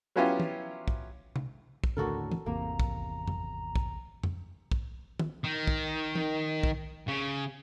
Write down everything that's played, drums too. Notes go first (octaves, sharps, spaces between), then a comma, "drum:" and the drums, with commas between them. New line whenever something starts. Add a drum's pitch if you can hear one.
F#3 B3 C#4 E4 F4 G4
drum: tom
drum: kick
drum: tom C3
drum: kick
D#2 A2 D3 F#4 A4 A#4
drum: tom
G#1 E2 C3 A#3 A#5
drum: kick
drum: tom F2
drum: kick
drum: tom F2
drum: kick
drum: tom D#3
D#3
drum: kick
drum: tom
drum: kick
C#3